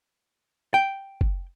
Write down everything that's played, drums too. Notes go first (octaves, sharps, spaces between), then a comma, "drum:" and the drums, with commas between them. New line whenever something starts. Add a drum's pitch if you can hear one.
G5
drum: kick